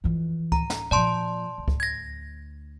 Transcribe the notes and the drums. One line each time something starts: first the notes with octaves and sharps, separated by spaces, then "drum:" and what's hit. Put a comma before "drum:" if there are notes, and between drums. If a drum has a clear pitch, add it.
F2 E3
A#5, drum: kick C#2
drum: snare
A#2 F3 D5 A5 C6
D2
drum: kick C#2
G#6 A#6